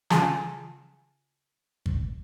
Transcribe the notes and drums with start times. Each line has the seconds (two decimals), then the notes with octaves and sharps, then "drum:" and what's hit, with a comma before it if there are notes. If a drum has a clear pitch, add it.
0.10 C#3 F4 G#5 A5, drum: snare
1.86 drum: kick